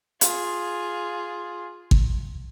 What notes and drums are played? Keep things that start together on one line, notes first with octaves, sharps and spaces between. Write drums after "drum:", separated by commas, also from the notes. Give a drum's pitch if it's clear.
F4 G#4, drum: hi-hat
drum: kick